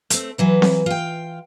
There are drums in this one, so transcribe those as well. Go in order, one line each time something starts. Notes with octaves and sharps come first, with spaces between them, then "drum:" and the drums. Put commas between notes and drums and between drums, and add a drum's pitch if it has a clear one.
A3 C4, drum: hi-hat
E3 F#3 B4
drum: snare C4
F4 G5